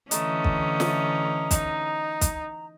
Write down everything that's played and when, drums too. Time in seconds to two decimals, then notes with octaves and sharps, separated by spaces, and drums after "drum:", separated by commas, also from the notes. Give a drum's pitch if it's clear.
0.11 D3 E3 A3 C#4 D#5 A#5, drum: hi-hat
0.44 drum: kick
0.80 drum: snare
1.51 D#4, drum: kick, hi-hat
2.21 drum: kick, hi-hat